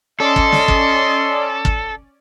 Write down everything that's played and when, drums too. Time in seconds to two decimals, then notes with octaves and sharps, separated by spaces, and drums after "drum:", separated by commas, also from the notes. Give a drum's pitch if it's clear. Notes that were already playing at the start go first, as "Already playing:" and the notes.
0.20 C#4 A4 D5 D#5 C6
0.36 drum: kick
0.52 drum: snare
0.68 drum: kick
1.65 drum: kick